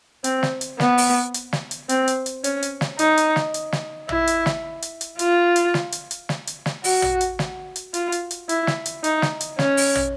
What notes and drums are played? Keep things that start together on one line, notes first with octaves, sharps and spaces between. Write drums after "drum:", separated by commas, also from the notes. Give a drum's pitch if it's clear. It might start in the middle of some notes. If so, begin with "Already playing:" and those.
C4, drum: hi-hat
drum: snare
drum: hi-hat
B3, drum: snare
drum: open hi-hat
drum: hi-hat
drum: snare
drum: hi-hat
C4, drum: hi-hat
drum: hi-hat
drum: hi-hat
C#4, drum: hi-hat
drum: hi-hat
drum: snare
D#4, drum: hi-hat
drum: hi-hat
drum: snare
drum: hi-hat
drum: snare
E4, drum: tom
drum: hi-hat
drum: snare
drum: hi-hat
drum: hi-hat
F4, drum: hi-hat
drum: hi-hat
drum: snare
drum: hi-hat
drum: hi-hat
drum: snare
drum: hi-hat
drum: snare
F#4, drum: open hi-hat
drum: tom
drum: hi-hat
drum: snare
drum: hi-hat
F4, drum: hi-hat
drum: hi-hat
drum: hi-hat
E4, drum: hi-hat
drum: snare
drum: hi-hat
D#4, drum: hi-hat
drum: snare
drum: hi-hat
C#4, drum: snare
drum: open hi-hat
drum: tom